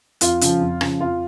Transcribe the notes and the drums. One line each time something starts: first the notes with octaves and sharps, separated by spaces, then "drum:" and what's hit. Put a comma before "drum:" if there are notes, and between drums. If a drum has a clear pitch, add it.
F2 F4, drum: hi-hat
C#3 F3, drum: hi-hat
F2
C#3 F3, drum: rim click
F2 F4